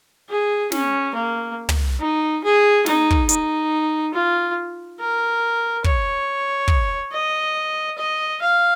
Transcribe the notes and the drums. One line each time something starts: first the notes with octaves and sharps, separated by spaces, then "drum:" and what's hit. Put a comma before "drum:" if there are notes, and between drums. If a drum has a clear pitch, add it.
G#4
C#4, drum: snare
A#3
drum: tom
D#4
G#4
D#4, drum: snare
drum: kick
D#4, drum: hi-hat
F4
A#4
C#5, drum: kick
drum: kick
D#5
D#5
F5